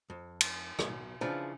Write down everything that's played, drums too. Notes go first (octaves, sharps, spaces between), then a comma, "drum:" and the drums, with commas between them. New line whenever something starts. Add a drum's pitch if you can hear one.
F2
drum: cymbal
B1, drum: rim click
C#3 E3 F3 D4